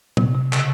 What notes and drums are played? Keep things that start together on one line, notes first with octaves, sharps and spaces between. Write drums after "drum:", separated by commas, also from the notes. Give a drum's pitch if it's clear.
C3, drum: tom
C3
C#3, drum: clap